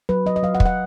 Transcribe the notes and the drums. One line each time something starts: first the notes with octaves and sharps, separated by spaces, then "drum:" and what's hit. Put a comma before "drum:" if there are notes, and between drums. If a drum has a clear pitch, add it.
F#3 B4
F#3 D#5
D#5
F#3 F5
F#5
F#3, drum: kick
F#5